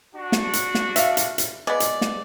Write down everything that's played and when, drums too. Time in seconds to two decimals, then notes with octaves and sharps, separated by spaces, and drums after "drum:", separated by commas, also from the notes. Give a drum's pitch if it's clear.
0.16 D4 F#4
0.32 drum: snare
0.53 drum: hi-hat
0.75 drum: snare
0.96 E5 F5, drum: hi-hat
1.17 drum: hi-hat
1.38 drum: hi-hat
1.67 G#3 B3 D5
1.80 drum: hi-hat
2.01 drum: snare